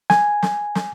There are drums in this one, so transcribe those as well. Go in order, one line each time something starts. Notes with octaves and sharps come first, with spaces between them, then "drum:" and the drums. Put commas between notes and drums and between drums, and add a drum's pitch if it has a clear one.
G#5, drum: snare
drum: snare
drum: snare